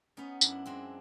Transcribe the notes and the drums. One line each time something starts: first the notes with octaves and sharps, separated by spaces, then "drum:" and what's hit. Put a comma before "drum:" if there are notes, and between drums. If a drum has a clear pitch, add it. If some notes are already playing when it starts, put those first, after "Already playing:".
B3 C#4 D#4
F#2 D4 E4, drum: tambourine
G#3 C4 D4